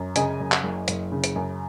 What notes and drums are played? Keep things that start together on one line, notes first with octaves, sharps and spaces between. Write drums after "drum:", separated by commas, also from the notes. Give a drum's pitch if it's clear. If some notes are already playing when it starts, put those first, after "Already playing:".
Already playing: F#2
C#3 D#5 G#5, drum: hi-hat
F#2
drum: clap
F#1
F#1, drum: hi-hat
C#3
drum: hi-hat
F#2